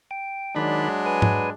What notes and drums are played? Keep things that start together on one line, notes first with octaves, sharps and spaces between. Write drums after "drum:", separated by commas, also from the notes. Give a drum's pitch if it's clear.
G5
D#3 F#3 G#3 D4 D5 B5
B4 G#5
drum: tom G#2